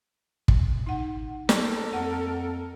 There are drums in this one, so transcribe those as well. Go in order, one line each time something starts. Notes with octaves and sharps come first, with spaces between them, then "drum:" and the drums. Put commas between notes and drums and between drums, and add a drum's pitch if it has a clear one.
drum: kick
D#4 F#5
A4 A#4 D5, drum: snare
F2 F#5